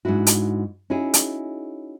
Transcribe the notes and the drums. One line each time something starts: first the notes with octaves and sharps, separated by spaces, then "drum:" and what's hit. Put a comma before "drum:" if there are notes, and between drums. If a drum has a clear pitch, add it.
G#2 B2 D4 E4 F#4
drum: hi-hat
C#4 D#4 E4 F#4 G#4
drum: hi-hat